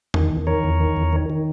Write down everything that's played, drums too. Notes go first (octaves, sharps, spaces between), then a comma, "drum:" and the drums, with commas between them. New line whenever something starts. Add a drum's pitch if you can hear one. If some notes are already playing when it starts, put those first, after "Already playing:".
D#3, drum: tom E2
E2
D#3 A#4 C#5
E2
D#3
E2
D#3
D#3